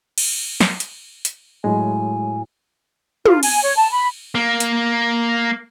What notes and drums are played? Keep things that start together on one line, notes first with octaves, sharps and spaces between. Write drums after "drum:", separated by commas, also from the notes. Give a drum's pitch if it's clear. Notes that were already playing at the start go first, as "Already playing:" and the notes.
drum: cymbal
drum: snare
drum: hi-hat
drum: hi-hat
A2 F#3 G#3 G#5
F4, drum: tom
G#5, drum: cymbal
C#5
A5
B5
A#3
drum: hi-hat